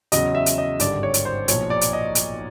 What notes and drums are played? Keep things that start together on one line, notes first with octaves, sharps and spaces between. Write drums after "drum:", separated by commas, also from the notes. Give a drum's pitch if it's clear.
E2 C#3 F#3 D#5, drum: hi-hat
E5
drum: hi-hat
D#5
G#1 G2 D3 D5, drum: hi-hat
C#5
drum: hi-hat
C5
B1 A#2 F3 C#5, drum: hi-hat
D5
drum: hi-hat
D#5
drum: hi-hat